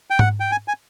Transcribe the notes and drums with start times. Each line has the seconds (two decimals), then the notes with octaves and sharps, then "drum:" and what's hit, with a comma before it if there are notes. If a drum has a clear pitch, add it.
0.10 G5
0.19 F#5, drum: tom G#2
0.40 G5
0.51 G#5
0.68 G#5